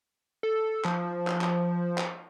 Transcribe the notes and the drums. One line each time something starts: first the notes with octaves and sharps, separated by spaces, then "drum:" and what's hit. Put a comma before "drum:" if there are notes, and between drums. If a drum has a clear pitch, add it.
A4
F3, drum: clap
drum: clap
drum: clap
drum: clap